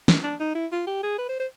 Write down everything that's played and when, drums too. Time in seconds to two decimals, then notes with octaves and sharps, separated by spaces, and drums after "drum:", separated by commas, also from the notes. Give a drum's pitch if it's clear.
0.08 drum: snare
0.24 D4
0.40 D#4
0.55 E4
0.72 F4
0.87 G4
1.03 G#4
1.18 B4
1.29 C5
1.40 C5